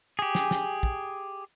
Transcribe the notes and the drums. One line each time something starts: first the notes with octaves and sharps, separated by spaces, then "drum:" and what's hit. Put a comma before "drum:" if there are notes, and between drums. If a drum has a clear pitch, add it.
G4 G#4
drum: snare
drum: snare
drum: kick